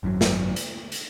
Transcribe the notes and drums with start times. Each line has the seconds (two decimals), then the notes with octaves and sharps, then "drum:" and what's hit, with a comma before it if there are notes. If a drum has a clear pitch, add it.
0.03 G#1 F#2 C#3 F#3
0.21 drum: snare
0.56 drum: hi-hat
0.92 drum: hi-hat